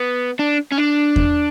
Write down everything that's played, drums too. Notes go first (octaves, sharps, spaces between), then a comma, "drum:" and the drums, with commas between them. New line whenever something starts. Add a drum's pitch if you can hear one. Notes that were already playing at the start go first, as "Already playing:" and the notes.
Already playing: B3
D4
C#4
D4
drum: kick E2